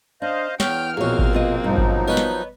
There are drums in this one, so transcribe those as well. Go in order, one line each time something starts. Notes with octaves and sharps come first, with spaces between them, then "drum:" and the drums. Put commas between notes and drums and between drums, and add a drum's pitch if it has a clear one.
D4 C5 D#5 F5
E2 B3 C#5 G5 F6, drum: snare
A#1 B2 A#3 C4 G#4 C#5
drum: kick G#1
B3 F4 D#5
G2 F3 F#3 D#4
drum: kick G#1
B3 A#4 B4 C#5 D#5 B5
drum: snare